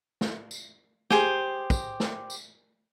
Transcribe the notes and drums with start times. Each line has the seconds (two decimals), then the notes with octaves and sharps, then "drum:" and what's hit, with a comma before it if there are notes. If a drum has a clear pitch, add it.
0.21 drum: snare
0.51 drum: tambourine
1.10 G4 G#4 C5, drum: snare
1.70 drum: kick, tambourine
2.00 drum: snare
2.30 drum: tambourine